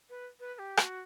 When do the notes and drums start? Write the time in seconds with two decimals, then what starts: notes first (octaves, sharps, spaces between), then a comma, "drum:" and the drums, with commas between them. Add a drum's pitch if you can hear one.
0.10 B4
0.40 B4
0.54 B4
0.59 G4
0.77 F#4, drum: rim click